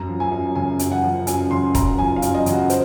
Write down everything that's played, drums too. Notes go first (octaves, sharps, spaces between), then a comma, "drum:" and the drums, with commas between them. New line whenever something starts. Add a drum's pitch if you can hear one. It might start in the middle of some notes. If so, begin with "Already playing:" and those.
Already playing: F#2 A#5
F3
G#5
F#2
C#3 G#5
F#2, drum: hi-hat
F#5
F3
F#2 G#5, drum: hi-hat
C#3 C6
F#2 A#5, drum: kick, hi-hat
F3 G#5
F5
F#2, drum: hi-hat
D#5
C#3, drum: hi-hat
F#4
C5, drum: hi-hat